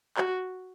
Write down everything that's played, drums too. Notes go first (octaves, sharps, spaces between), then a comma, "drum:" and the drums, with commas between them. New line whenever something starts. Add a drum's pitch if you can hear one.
F#4, drum: clap